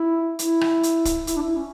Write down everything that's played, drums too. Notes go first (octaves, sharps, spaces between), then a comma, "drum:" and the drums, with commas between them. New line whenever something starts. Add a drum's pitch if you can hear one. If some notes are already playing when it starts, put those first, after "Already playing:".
Already playing: E4
E4, drum: hi-hat
drum: rim click
drum: hi-hat
drum: kick, hi-hat
E4, drum: hi-hat
D4
E4
C#4